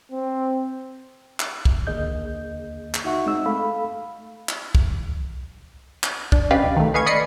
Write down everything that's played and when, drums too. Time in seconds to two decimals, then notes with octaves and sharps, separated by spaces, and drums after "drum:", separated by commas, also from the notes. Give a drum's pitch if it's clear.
0.11 C4
1.40 drum: clap
1.65 drum: kick
1.87 D#2 D3 A#3 G#4 D#5 G6
2.94 drum: clap
3.04 D#4 F#4 E5 F#5 C#6
3.26 G#3 C4 D#4 E6
3.46 A3 A4 F5 B5
4.49 drum: clap
4.75 drum: kick
6.03 drum: clap
6.32 D4, drum: kick
6.51 C#4 G4 B4 D5 D#5 F5
6.63 B1
6.76 D#3 A3
6.94 B4 D#5 F5 G#5 C#6 G#6
7.06 D5 D#5 B5 D#6 C7 C#7